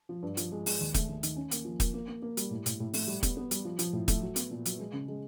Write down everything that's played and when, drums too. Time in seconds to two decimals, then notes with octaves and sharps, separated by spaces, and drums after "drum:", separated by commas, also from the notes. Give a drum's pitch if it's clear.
0.09 F3
0.23 G2
0.37 F3, drum: hi-hat
0.52 G#3
0.66 G#3, drum: open hi-hat
0.80 D#2
0.94 A3, drum: kick, hi-hat
1.09 D#2
1.23 D#3, drum: hi-hat
1.36 C#4
1.51 A#3, drum: hi-hat
1.65 F3
1.80 A#3, drum: kick, hi-hat
1.94 A#3
2.08 A#3
2.22 A#3
2.37 G3, drum: hi-hat
2.51 A2
2.66 A2, drum: hi-hat
2.80 A2
2.94 A3, drum: open hi-hat
3.07 G3
3.23 B3, drum: kick, hi-hat
3.37 B3
3.51 G3, drum: hi-hat
3.65 F3
3.79 F3, drum: hi-hat
3.93 A2
4.08 A3, drum: kick, hi-hat
4.22 F#3
4.36 B3, drum: hi-hat
4.51 A#2
4.65 F#3, drum: hi-hat
4.79 G#3
4.93 C#3
5.08 G#3